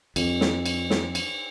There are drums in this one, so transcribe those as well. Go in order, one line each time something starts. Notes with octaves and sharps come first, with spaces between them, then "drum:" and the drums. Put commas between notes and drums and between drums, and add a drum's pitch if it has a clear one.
F2, drum: cymbal
drum: snare
drum: cymbal
drum: snare
drum: cymbal